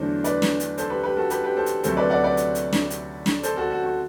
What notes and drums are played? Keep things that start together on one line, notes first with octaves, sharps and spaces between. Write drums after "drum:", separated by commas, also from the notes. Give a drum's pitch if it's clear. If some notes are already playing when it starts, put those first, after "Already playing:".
Already playing: E2 D3 F#3 A3 D4 C5
B4 D5, drum: hi-hat
drum: snare
drum: hi-hat
A4 C5, drum: hi-hat
G4 B4
G4 B4
F#4 A4
G4 B4, drum: hi-hat
G4 B4
A4 C5
drum: hi-hat
D2 C3 F#3 A4 C5, drum: hi-hat
B4 D5
D5 F#5
B4 D5
drum: hi-hat
drum: hi-hat
drum: snare
drum: hi-hat
drum: snare
A4 C5, drum: hi-hat
F#4 A4
F#4
F#4